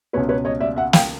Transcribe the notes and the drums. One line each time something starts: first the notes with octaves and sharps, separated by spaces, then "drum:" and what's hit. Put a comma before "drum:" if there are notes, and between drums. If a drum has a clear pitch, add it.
C#2 B2 B4 C#5
B4 C#5
C#5 D#5
D5 E5
E5 F#5
F5 G5, drum: snare